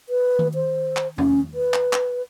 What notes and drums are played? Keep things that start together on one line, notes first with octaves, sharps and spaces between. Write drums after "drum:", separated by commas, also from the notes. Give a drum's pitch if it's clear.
B4
drum: tom D#3
C5
drum: clap
C#4, drum: tom
B4
drum: clap
drum: clap